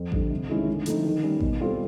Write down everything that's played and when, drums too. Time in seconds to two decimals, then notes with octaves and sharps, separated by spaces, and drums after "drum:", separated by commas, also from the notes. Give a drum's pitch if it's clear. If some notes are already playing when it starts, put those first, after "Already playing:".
Already playing: F2
0.12 D3 G3, drum: kick A1
0.31 C3
0.50 D#3 G#3 C#4 E4
0.67 D3
0.86 F3 A3 C4 D#4, drum: hi-hat
1.05 D#3
1.23 G3 A#3 C#4
1.40 B2, drum: kick A1
1.60 G3 C4 F4 A4